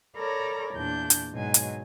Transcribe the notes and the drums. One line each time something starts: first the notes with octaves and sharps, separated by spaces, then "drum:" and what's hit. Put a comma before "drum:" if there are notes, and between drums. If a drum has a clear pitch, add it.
A4 A#4 C#5 D5 A#5 B5
E2 A#2 D4 G6
drum: hi-hat
G#2 B2 F#3 G#5
drum: hi-hat